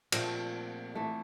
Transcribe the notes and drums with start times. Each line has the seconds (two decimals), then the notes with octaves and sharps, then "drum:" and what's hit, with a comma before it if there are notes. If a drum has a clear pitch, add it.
0.12 A#2 F3 A3 C4, drum: cymbal
0.95 E3 A3